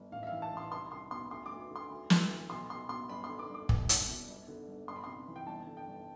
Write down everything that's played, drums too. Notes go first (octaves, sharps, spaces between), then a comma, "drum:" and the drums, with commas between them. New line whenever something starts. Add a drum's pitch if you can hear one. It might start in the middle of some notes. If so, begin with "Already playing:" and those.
Already playing: G1
A1 F5
E5
E3 F5
A5
A1
C6
C2 C6
C2 C6
B2 C6
D2 C6
D6
D2
D3 C6
D2
E3, drum: snare
D2
B1 C6
B1 C6
B2 C6
G1 B5
C6
D3
D6
G1
D6
C2, drum: kick
C2, drum: hi-hat
B2
G1
D3
G1
G1 C6
B5
C3 C6
E3
G5
G1 A5
D3
G5
G1